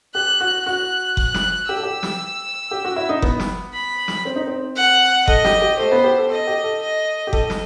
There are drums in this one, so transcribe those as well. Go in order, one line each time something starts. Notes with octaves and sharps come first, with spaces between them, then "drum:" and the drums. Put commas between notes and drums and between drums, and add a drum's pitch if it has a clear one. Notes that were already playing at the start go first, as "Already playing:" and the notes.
G4 F#6
F#4
F#4 F#6
F#6, drum: kick F#1
drum: snare
G4 E6
A4
G4
drum: snare
G4
F#4
E4
D#4
B3, drum: kick F#1
drum: snare
B5
drum: snare
C4
D#4
C4
F#5
A4 D#5, drum: kick F#1
G4, drum: snare
G4
A3 C5
B3
G4
A4
A4 D#5
G4
A4
D#5
G4
A4 D#5, drum: kick F#1
drum: snare